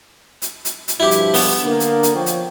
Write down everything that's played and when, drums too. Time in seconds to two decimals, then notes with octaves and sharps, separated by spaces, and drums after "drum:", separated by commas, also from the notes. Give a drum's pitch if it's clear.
0.42 drum: hi-hat
0.65 drum: hi-hat
0.88 drum: hi-hat
1.00 G2 B2 F3 E4 G4
1.11 drum: hi-hat
1.34 B3, drum: open hi-hat
1.64 D3 A#3
1.80 drum: hi-hat
2.03 drum: hi-hat
2.15 F3 C#5 G5
2.26 drum: hi-hat